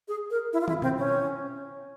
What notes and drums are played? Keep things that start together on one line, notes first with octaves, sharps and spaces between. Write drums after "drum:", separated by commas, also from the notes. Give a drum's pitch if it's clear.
G#4
A#4
E4
F4
E4, drum: tom
C4, drum: tom B2
C#4